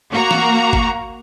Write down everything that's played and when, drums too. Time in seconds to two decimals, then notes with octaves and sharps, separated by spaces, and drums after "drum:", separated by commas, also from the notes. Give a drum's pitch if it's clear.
0.11 A#3 F#4 A#5
0.31 drum: snare
0.73 drum: kick